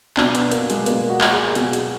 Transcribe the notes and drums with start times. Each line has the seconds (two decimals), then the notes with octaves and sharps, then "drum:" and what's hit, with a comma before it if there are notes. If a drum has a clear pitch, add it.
0.17 B2 D4, drum: clap
0.35 B3, drum: hi-hat
0.51 A#3, drum: hi-hat
0.70 G#3, drum: hi-hat
0.86 B2 A#3, drum: hi-hat
1.10 F#4
1.21 drum: clap
1.33 G#4
1.55 B2 G#4, drum: hi-hat
1.73 F#4, drum: hi-hat